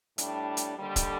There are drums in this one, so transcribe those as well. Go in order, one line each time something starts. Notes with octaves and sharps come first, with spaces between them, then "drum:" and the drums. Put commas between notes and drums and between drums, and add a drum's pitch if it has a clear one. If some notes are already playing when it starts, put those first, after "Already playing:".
A2 G3 D4, drum: hi-hat
drum: hi-hat
D#2 D3 G3
drum: kick D1, hi-hat